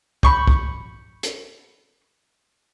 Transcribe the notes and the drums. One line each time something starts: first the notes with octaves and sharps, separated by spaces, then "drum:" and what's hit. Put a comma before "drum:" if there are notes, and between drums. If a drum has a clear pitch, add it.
B5 C#6 G6, drum: kick
drum: kick
drum: hi-hat